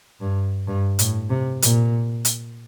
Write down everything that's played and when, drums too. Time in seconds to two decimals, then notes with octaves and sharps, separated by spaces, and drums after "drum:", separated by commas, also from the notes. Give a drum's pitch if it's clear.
0.21 G2
0.67 G2
0.99 A2, drum: hi-hat
1.30 C3
1.62 A#2, drum: hi-hat
2.25 drum: hi-hat